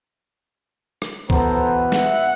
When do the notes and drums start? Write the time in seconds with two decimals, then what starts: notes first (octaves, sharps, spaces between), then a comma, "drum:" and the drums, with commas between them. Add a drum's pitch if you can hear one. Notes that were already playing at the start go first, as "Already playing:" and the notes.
1.02 drum: rim click
1.30 B2 E3 B3 A4 C5 A#5, drum: kick C#2
1.92 E5 F#5, drum: snare